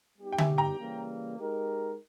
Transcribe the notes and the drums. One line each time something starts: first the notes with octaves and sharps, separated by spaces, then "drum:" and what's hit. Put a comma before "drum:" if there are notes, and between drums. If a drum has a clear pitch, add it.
G3 B3 D#4 G4
G5
E5 G#5, drum: tom D3
G5 A#5
C#3 E3 G3 A#3
G#3 D#4 G4 A#4